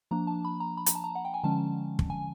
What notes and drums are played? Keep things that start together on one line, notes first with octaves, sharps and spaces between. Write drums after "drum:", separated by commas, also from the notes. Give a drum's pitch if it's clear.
F3 A#3 D4 A#5
A5
B5
A#5
B5
A#5, drum: hi-hat
A5
A#5
F#5
G5
G#5
D3 F3 G#3 C#4 A5
drum: kick
G#5